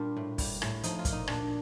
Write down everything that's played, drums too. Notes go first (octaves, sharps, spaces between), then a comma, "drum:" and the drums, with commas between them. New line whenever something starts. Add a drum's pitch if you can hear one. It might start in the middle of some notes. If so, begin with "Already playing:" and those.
Already playing: A#2 G3 D4 F4
A2
G3, drum: kick, open hi-hat
A2, drum: rim click
F3 D#4, drum: hi-hat
F4
A#2, drum: kick, hi-hat
D#4
A#2 D4, drum: rim click